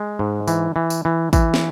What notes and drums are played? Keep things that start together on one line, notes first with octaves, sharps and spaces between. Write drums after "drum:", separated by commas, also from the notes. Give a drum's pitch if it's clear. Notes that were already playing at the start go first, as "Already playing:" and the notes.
Already playing: G#3
G#2
E3, drum: tambourine
E3
drum: tambourine
E3
E3, drum: kick, tambourine
drum: snare